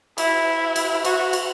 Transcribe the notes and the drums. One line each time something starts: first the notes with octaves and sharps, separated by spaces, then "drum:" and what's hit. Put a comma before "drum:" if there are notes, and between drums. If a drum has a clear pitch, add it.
E4, drum: cymbal
drum: cymbal
F#4, drum: cymbal
drum: cymbal